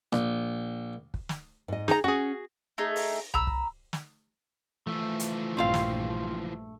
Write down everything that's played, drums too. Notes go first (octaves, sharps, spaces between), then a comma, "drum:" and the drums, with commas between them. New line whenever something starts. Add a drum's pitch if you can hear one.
A#1, drum: rim click
drum: kick
drum: snare
G#2 D#5
D#4 G#4 A#5, drum: snare
C#4 F#4 G#4 F#5
A3 D#4 G#4
drum: open hi-hat
A#5 B5 E6, drum: tom C2
drum: kick
drum: snare
E3 F3 A3
drum: hi-hat
A#1 G2 C4 F4 F5
drum: snare